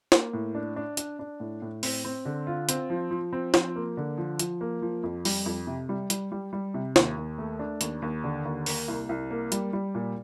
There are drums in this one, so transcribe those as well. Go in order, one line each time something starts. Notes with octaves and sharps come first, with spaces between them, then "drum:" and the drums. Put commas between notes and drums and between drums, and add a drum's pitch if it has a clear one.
A#3, drum: snare
A2
D4
D4
D4, drum: hi-hat
D4
A2
A2
C4, drum: open hi-hat
C4
D3
F4
C4, drum: hi-hat
F3
F3
C4
F3, drum: snare
A#3
D3
F3
F3, drum: hi-hat
A#3
F3
F2
G3, drum: open hi-hat
F2
C3
G3
G3, drum: hi-hat
G3
G3
C3
D#2, drum: snare
D#2
A3
D4
D#2, drum: hi-hat
D#2
D3
D#2
A#3, drum: open hi-hat
C2
C2
A#3
G3, drum: hi-hat
G3
A#2